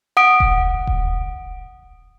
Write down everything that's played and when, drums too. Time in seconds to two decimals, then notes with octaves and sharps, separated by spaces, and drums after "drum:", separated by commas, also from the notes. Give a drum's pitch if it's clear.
0.17 F#5 D#6 D7
0.40 drum: kick D#1
0.87 drum: kick D#1